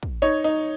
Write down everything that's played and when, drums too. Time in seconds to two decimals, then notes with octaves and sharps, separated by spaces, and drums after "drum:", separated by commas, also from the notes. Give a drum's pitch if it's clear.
0.03 drum: kick
0.22 D#4 C#5
0.44 D#4